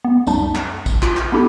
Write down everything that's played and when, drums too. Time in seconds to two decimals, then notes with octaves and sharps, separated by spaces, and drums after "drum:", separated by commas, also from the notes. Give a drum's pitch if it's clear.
0.04 B3
0.27 C#2 F#2 G3 D#4 A5, drum: tambourine
0.55 drum: clap
0.86 drum: kick, tambourine
1.03 F4, drum: clap
1.17 drum: clap
1.32 B3 D4 E4 G4 A4